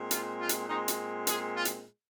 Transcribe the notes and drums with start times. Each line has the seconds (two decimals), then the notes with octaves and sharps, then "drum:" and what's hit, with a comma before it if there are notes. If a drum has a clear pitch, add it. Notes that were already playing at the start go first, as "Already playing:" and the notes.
Already playing: A#2 G#3 C4
0.11 F4, drum: hi-hat
0.40 F4
0.49 drum: hi-hat
0.68 A#2 G#3 C4 D#4
0.88 drum: hi-hat
1.27 G#4, drum: hi-hat
1.55 F4
1.65 drum: hi-hat